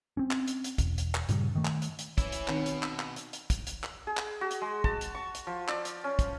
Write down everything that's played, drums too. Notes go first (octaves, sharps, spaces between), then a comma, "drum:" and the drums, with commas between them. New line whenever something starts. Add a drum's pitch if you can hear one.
C4 C#4
drum: clap
drum: hi-hat
drum: hi-hat
E1, drum: kick, hi-hat
drum: hi-hat
drum: clap
G2 A#2 C#3 G3, drum: hi-hat
D#3 A3
drum: clap
drum: hi-hat
drum: hi-hat
E3 C#4 E4, drum: kick, hi-hat
drum: hi-hat
B2 D#3 C4 D#4, drum: clap
drum: hi-hat
drum: clap
drum: clap
drum: hi-hat
drum: hi-hat
drum: kick, hi-hat
drum: hi-hat
drum: clap
G#4
drum: clap
F#4
drum: hi-hat
G#3
A5, drum: kick
drum: hi-hat
C#6
drum: hi-hat
F3
D5, drum: clap
drum: hi-hat
C#4
drum: kick, hi-hat